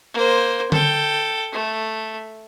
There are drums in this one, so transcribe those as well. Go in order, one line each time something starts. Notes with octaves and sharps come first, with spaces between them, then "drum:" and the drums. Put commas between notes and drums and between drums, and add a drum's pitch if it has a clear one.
A#3 C5
A4 G5, drum: tom D3
A3